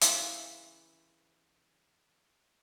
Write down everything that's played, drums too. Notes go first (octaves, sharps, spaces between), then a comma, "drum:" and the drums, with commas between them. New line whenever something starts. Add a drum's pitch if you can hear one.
C#3 E3 E5 C6, drum: hi-hat